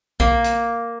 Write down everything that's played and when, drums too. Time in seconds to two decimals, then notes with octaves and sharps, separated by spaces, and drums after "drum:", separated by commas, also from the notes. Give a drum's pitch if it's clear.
0.20 A#3, drum: kick B1
0.44 drum: hi-hat